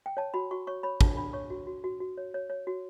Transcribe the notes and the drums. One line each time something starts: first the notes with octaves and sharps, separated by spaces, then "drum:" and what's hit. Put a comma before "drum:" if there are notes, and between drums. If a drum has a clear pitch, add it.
G5
C#5 A5
F#4 B5
F#4 C#6
C#5 C#6
C#5 B5
D4 A5, drum: kick
D4 B5
C#5 C#6
F#4
F#4
F#4
F#4
C#5
C#5
C#5
F#4